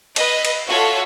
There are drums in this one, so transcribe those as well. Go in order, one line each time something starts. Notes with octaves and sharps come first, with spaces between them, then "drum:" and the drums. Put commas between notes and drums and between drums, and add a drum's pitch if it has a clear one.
B4 D#5, drum: cymbal
drum: cymbal
F4 F#4 A4 C#5 E5 F5